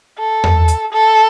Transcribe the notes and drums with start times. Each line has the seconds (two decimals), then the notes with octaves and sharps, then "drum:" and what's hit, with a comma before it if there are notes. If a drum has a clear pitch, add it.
0.19 A4
0.44 drum: tom E2
0.68 drum: hi-hat
0.92 A4